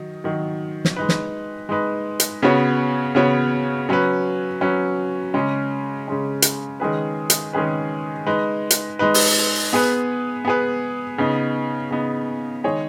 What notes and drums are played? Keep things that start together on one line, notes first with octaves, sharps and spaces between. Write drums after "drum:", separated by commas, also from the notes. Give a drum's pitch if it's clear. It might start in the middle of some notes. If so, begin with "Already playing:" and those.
Already playing: D#3 F#3 D#4
D#3 F#3 D#4
drum: snare
G#3 D#4 B4
drum: snare
G#3 D#4 B4
drum: hi-hat
C#3 B3 F#4 C#5
C#3 B3 F#4 C#5
F#3 C#4 B4
F#3 C#4 B4
C#3 G#3 C#4
C#3 G#3 C#4
drum: hi-hat
D#3 G#3 C#4 G#4 B4
drum: hi-hat
D#3 G#3 C#4 G#4 B4
G#3 D#4 B4
drum: hi-hat
G#3 D#4 B4
drum: open hi-hat
B3 G#4 B4
B3 G#4 B4
C#3 B3 D#4
C#3 B3 D#4
D#3 G#3 D#4 G#4 C#5